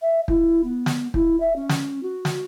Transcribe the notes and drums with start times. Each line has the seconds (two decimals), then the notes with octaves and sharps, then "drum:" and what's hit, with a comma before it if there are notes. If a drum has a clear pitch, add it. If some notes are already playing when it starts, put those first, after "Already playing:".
0.01 E5
0.28 E4, drum: kick
0.63 B3
0.86 drum: snare
1.14 E4, drum: kick
1.40 E5
1.55 C#4
1.69 drum: snare
2.02 F#4
2.25 drum: snare